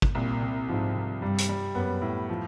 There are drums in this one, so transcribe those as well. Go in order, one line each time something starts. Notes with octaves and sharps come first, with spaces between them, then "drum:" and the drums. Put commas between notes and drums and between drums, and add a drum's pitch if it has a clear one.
drum: kick
C2 A#2
C3
G#2 F3
C3
G2 G3
drum: hi-hat
G3
F#2 B3
A2
F3